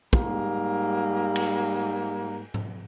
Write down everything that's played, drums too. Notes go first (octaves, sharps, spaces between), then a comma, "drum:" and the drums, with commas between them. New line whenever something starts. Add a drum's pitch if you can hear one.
G#2 G3 A#3 A#5, drum: kick
drum: cymbal
drum: tom G#2